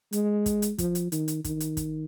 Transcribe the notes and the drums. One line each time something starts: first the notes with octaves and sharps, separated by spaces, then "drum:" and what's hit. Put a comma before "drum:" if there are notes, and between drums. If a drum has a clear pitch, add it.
G#3, drum: hi-hat
drum: kick, hi-hat
drum: hi-hat
F3, drum: kick, hi-hat
drum: hi-hat
D#3, drum: hi-hat
drum: hi-hat
D#3, drum: kick, hi-hat
drum: hi-hat
drum: kick, hi-hat